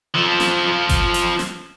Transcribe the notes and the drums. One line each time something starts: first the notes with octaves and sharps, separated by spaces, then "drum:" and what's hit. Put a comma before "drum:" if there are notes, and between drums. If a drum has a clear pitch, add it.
F3 A4
drum: snare
drum: kick G1, hi-hat
drum: hi-hat
drum: snare